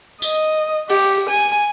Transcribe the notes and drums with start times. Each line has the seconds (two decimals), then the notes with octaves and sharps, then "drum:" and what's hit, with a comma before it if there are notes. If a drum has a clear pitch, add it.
0.22 D#5, drum: tambourine
0.89 G4, drum: open hi-hat
1.29 G#5